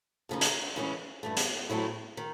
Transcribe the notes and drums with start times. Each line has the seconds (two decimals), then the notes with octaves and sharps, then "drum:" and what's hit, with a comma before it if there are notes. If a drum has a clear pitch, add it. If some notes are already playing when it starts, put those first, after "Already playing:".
0.29 F2 C#3 F3 A#3 D#4
0.41 drum: hi-hat
0.76 C#3 E3 G#3 C#4
1.23 G2 E3 A3
1.37 drum: hi-hat
1.70 A2 F#3 A3 C4 E4
2.17 D#3